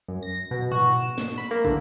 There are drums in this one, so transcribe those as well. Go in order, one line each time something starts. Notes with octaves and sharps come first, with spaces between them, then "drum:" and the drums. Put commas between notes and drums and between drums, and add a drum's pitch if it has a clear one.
F#2
A#6
B2
F#4, drum: tom G#2
E7
drum: snare
B5
A#3
D3, drum: kick